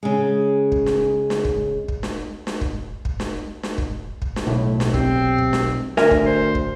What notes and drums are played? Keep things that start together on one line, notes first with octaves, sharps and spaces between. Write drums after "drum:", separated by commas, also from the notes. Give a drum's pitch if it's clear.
C#3 G#3
drum: kick
drum: snare
drum: snare
drum: kick
drum: kick
drum: snare
drum: snare
drum: kick
drum: kick
drum: snare
drum: snare
drum: kick
drum: kick
drum: snare
B1 A2
drum: snare
C3 C4, drum: kick
drum: kick
drum: snare
D2 A#4 E5 G#5, drum: snare
drum: kick
C5
drum: kick